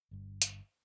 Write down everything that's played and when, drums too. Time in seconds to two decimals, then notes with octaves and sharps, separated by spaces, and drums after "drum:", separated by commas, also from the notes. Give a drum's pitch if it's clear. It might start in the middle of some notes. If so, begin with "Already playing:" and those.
0.11 G1 G2
0.42 drum: hi-hat